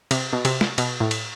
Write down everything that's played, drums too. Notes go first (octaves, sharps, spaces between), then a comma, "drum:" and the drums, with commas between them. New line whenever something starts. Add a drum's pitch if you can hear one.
C3, drum: cymbal
B2
C3, drum: cymbal
drum: snare
B2, drum: cymbal
A2
drum: cymbal